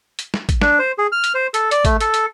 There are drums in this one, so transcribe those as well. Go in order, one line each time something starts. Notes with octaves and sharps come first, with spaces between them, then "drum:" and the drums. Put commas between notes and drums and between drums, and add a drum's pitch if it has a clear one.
drum: hi-hat
drum: snare
drum: kick, hi-hat
D4, drum: snare
C5
G#4
F6
drum: hi-hat
C5
A4, drum: hi-hat
D5, drum: hi-hat
A3, drum: kick, hi-hat
A4, drum: hi-hat
drum: hi-hat